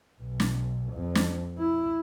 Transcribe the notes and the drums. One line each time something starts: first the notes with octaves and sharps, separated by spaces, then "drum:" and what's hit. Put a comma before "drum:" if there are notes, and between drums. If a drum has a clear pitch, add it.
B1
drum: snare
F2
drum: snare
E4